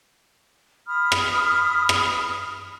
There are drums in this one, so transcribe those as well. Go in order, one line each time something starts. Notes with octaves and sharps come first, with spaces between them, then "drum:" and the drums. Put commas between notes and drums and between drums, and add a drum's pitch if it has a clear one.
B5 D#6 F6
drum: rim click
drum: rim click